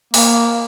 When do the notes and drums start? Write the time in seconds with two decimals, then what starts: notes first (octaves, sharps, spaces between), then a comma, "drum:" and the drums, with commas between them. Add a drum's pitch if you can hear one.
0.14 A#3, drum: open hi-hat